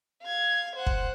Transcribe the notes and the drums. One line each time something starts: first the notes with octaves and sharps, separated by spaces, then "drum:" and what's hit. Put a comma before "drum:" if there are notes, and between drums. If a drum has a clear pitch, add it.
F5 G#6
C5 F#5
drum: kick